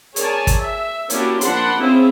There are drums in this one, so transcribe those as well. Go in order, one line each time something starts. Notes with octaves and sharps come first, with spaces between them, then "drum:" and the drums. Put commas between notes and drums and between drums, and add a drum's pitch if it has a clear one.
G#4 A#4 C#5 D5 G#5 A5, drum: hi-hat
drum: kick, hi-hat
E5
A#3 C#4 D4 E4 F#4 G4, drum: hi-hat
F3 A#3 D4 F#5 B5 C6, drum: hi-hat
C4 C#4 E4 F4 G#4 C5